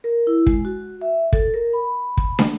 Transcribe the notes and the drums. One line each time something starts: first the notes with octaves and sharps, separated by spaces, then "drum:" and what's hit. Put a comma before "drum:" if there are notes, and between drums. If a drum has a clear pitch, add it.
A#4
E4
G#3, drum: kick
F#4
E5
A4, drum: kick
A#4
B5
drum: kick
drum: snare